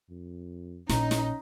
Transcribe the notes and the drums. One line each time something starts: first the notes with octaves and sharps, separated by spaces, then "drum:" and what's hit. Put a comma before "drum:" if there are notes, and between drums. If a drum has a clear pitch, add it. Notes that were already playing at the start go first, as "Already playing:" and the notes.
F2
A#1 C#4 D#4, drum: snare
drum: snare